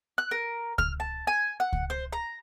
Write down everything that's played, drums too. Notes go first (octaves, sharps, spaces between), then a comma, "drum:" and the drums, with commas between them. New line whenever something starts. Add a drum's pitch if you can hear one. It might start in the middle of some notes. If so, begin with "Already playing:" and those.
F#6
A#4
F6, drum: kick C#2
A5
G#5
F#5
drum: kick C#2
C5
A#5